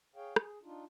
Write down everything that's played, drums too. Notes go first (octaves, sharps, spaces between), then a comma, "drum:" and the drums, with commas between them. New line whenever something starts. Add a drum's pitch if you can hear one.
G#4 C#5 F5 G5
G#4, drum: rim click
D4 D#4 F4